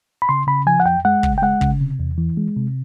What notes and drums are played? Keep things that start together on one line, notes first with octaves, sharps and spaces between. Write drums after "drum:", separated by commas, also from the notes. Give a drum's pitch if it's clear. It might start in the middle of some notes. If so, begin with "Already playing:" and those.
B5
C#3 C6
C#3 B5
F3 G#5
F#5
F2 G5
G#3 F#5
C#3, drum: kick
G5
G#3 F#5
C#3, drum: kick
C3
E2
E3
G#3
C3